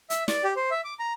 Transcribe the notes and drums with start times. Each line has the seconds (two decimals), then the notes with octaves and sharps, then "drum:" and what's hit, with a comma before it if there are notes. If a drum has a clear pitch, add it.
0.10 E5, drum: hi-hat
0.28 D5, drum: snare
0.44 G4
0.57 C5
0.71 E5
0.85 D6
0.99 A#5